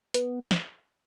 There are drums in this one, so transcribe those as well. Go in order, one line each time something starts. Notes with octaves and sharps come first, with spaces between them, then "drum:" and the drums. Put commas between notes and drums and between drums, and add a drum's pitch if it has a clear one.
B3, drum: hi-hat
drum: snare